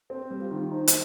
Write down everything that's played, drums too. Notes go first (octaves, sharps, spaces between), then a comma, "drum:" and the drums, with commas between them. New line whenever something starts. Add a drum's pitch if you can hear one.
C4 C5
G3
F4
D#3
D#4 C5
drum: hi-hat